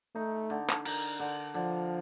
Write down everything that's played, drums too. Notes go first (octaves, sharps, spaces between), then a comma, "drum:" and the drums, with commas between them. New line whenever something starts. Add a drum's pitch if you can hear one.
A3 D#4
D3
drum: clap
A#4, drum: cymbal
D3
D3 F3